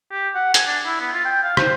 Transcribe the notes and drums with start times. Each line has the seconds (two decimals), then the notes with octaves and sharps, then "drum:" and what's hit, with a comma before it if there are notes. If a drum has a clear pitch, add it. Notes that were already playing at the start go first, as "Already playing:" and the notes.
0.12 G4
0.35 F#5
0.54 G#5, drum: hi-hat
0.67 D4
0.86 E4
1.01 B3
1.13 F4
1.25 G5
1.44 F5
1.57 C5, drum: rim click